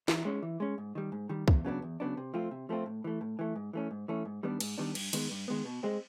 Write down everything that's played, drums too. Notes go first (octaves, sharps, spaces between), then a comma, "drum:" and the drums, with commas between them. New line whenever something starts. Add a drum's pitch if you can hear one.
E3, drum: snare
G#3 C#4
E3
G#3 C#4
G#2
D#3 G3
G#2
D#3 G3
E2, drum: kick
C#3 F#3 B3 D4
E2
C#3 F#3 B3 D4
C3
F3 A3 C4 F4
C3
F3 A3 C4 F4
A2
E3 A3
A2
E3 A3
G#2
E3 A3 C#4
G#2
E3 A3 C#4
G#2
D#3 G3 B3 D4
G#2, drum: cymbal
D#3 G3 B3 D4
G2, drum: cymbal
D#3 G#3 B3, drum: cymbal
G2
D#3 G#3 B3
B2
G#3 C4